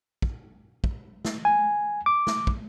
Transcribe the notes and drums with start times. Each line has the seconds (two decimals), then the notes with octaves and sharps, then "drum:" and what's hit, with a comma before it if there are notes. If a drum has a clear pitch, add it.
0.22 drum: kick
0.84 drum: kick
1.25 drum: snare
1.45 G#5
2.06 D6
2.27 drum: snare
2.47 drum: kick